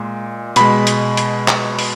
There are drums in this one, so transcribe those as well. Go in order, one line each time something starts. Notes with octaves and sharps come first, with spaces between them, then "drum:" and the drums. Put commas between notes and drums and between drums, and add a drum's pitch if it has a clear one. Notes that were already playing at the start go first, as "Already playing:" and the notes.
Already playing: A#2 G#3
B2 G#3 B5, drum: hi-hat
drum: hi-hat
drum: hi-hat
drum: clap
drum: open hi-hat